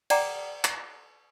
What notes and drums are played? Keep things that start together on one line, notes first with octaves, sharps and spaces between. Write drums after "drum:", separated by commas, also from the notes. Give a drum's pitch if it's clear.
D5 F#5 G5 A#5 D6, drum: cymbal
drum: clap